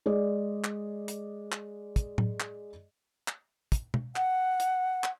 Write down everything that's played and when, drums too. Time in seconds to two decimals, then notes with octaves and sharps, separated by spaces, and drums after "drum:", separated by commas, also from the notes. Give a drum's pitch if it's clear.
0.06 G#3 G#4 D5 D#5
0.64 drum: clap
1.08 drum: hi-hat
1.52 drum: clap
1.96 drum: kick, hi-hat
2.18 drum: tom A2
2.40 drum: clap
3.28 drum: clap
3.72 drum: kick, hi-hat
3.94 drum: tom
4.16 F#5, drum: clap
4.60 drum: hi-hat
5.04 drum: clap